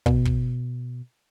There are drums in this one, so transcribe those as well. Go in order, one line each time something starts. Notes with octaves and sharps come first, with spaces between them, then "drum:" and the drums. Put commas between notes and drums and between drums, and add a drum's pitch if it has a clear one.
B2, drum: kick
drum: kick